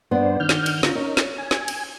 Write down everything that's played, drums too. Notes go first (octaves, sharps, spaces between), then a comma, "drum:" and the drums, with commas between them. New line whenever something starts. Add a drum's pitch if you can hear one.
G2 B3 D4 C5 D5
D#3 D4 F6 G6
drum: snare
drum: cymbal
D3 C#4 F4 A#4 A#5, drum: snare
C#4 D#4 A#4
drum: snare
G#5
drum: snare
drum: cymbal